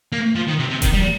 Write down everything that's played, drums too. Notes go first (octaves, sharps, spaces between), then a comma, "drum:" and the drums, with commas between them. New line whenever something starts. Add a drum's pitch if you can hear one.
A#3
F3
D#3
C3
C3
D#3, drum: kick E1, hi-hat
G3